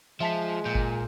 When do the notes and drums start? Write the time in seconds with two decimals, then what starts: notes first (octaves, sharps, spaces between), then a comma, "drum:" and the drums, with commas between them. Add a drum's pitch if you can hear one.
0.20 F3 G#3 E5 A5 B6
0.65 A#2 G6
0.75 drum: kick G1